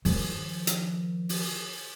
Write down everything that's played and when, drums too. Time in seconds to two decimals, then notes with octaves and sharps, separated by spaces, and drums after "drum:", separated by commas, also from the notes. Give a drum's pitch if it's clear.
0.05 D#3 F3, drum: open hi-hat
0.67 drum: hi-hat
1.29 drum: open hi-hat